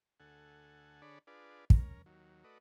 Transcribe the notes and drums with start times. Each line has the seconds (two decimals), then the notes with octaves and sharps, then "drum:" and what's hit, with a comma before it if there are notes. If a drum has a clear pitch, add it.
0.20 D2 A4 F#5 G#5
1.02 D3 D4 G#4 C#5 D5 B5
1.27 D4 F4 G#4 B4 D5
1.70 C#4 A#4, drum: kick
2.06 D#2 F#3
2.44 A3 F#4 B4 D5 D#5